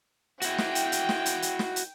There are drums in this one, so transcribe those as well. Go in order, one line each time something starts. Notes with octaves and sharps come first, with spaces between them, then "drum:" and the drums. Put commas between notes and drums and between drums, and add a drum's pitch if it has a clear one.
E4 F#4 G5, drum: hi-hat
drum: snare
drum: hi-hat
drum: hi-hat
drum: snare
drum: hi-hat
drum: hi-hat
drum: snare
drum: hi-hat